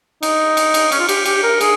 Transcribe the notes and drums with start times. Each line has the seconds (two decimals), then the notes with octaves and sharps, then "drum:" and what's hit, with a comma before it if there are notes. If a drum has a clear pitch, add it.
0.23 D#4, drum: cymbal
0.57 drum: cymbal
0.74 drum: cymbal
0.92 C#4, drum: cymbal
0.99 F4
1.09 G4, drum: cymbal
1.25 G4, drum: cymbal
1.43 A#4
1.61 G#4, drum: cymbal